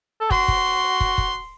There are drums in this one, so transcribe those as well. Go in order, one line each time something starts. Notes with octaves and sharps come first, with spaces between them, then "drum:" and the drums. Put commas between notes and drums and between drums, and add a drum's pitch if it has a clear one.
A4
F#4 C6, drum: kick
drum: kick
drum: kick
drum: kick